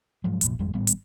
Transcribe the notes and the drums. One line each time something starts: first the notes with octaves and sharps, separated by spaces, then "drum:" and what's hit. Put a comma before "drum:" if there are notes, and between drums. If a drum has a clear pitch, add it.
G#2 F3 F#3 G#3
F1 A#1 A#2, drum: hi-hat
G#1 F2 G3 G#3
G#1 A2 G3 B3
drum: hi-hat